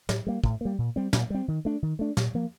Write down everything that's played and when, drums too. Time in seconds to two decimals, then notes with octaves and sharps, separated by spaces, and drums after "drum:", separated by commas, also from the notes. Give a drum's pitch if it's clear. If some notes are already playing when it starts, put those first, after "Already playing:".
0.09 A2, drum: snare
0.27 G3 A#3
0.44 A2, drum: kick
0.61 G3 A#3
0.78 A#2
0.96 G3 C4
1.13 A#2, drum: snare
1.30 G3 C4
1.48 D#3
1.65 A3 D4
1.82 D#3
1.99 A3 D4
2.17 A#2, drum: snare
2.34 F3 A#3